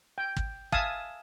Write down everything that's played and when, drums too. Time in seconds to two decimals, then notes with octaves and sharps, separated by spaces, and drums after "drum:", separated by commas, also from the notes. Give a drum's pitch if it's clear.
0.18 G5
0.36 drum: kick
0.72 E5 F5 G#5 A5 D#6, drum: kick